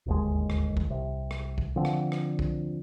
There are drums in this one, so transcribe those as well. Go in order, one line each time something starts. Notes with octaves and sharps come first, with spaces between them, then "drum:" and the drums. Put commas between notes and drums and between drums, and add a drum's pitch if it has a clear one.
D1 G1 D#2 G#3
drum: rim click
drum: kick
C2 C3
drum: rim click
drum: kick
D3 F3 C4
drum: rim click
drum: rim click
drum: kick